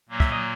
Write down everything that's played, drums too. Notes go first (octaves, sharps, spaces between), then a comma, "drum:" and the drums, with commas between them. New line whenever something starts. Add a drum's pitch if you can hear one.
A#2 F#3 A#3
E5, drum: kick
D#5